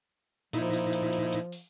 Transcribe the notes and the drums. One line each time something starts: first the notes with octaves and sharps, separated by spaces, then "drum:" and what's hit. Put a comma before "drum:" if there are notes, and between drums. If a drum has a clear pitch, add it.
A#2 F3 D#4 E4, drum: hi-hat
drum: open hi-hat
drum: hi-hat
drum: hi-hat
drum: hi-hat
drum: open hi-hat